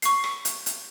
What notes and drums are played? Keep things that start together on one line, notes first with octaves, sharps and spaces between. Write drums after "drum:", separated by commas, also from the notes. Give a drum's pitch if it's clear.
C#6 C7, drum: hi-hat
drum: rim click
drum: hi-hat
drum: hi-hat